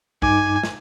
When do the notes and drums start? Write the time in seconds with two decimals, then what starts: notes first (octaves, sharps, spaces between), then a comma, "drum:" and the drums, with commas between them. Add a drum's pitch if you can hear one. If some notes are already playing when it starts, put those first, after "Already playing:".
0.22 G2 D#4 G#5 D6, drum: kick
0.63 drum: snare